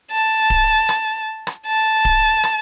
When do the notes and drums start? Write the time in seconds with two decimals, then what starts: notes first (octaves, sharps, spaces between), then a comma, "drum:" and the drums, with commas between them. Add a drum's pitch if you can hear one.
0.12 A5
0.50 drum: kick D1
0.89 drum: rim click
1.47 drum: rim click
1.66 A5
2.05 drum: kick D1
2.44 drum: rim click